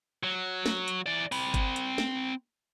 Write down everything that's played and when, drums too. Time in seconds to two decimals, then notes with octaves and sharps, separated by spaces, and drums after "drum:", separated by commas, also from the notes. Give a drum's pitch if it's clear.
0.23 F#3
0.66 drum: snare
0.88 drum: hi-hat
1.06 E3 D5
1.32 C4 B5, drum: open hi-hat
1.54 drum: kick G1, hi-hat
1.76 drum: hi-hat
1.98 drum: snare